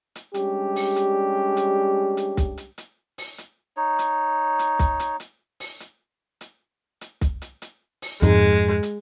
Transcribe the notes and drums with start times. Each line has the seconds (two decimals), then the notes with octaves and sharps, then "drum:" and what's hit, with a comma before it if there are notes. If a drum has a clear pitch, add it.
0.15 drum: hi-hat
0.34 G3 G#3 C#4 D4 G4, drum: hi-hat
0.76 drum: open hi-hat
0.96 drum: hi-hat
1.57 drum: hi-hat
2.17 drum: hi-hat
2.37 drum: kick, hi-hat
2.58 drum: hi-hat
2.78 drum: hi-hat
3.18 drum: open hi-hat
3.38 drum: hi-hat
3.77 D#4 C#5
3.99 drum: hi-hat
4.59 drum: hi-hat
4.79 drum: kick, hi-hat
5.00 drum: hi-hat
5.20 drum: hi-hat
5.60 drum: open hi-hat
5.80 drum: hi-hat
6.41 drum: hi-hat
7.01 drum: hi-hat
7.21 drum: kick, hi-hat
7.42 drum: hi-hat
7.62 drum: hi-hat
8.02 drum: open hi-hat
8.22 F2 G#2 G#3, drum: hi-hat
8.83 drum: hi-hat